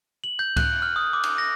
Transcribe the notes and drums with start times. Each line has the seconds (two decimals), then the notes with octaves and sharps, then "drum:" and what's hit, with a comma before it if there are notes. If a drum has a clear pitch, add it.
0.24 F#7
0.39 G6
0.57 F#6, drum: kick C#2, cymbal
0.82 F6
0.96 D#6
1.13 D6
1.23 drum: cymbal
1.38 A#6